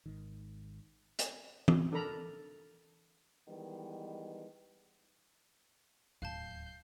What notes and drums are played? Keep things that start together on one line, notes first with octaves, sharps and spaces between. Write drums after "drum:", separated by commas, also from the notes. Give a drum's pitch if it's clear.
G#1 G#2 D#3
drum: hi-hat
drum: tom E3
D4 A4 A#4 A#5 B5
D#3 E3 G3 G#3 B3
D1 D#2 F5 A5 G6 C7